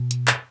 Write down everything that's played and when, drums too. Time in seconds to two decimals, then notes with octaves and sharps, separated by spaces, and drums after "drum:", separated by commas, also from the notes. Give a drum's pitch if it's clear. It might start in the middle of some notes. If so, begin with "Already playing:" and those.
Already playing: B2
0.11 drum: hi-hat
0.27 drum: clap